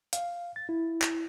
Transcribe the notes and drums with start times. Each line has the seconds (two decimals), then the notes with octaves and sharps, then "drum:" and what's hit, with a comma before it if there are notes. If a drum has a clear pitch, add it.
0.13 F5, drum: hi-hat
0.56 A6
0.69 E4
1.02 drum: clap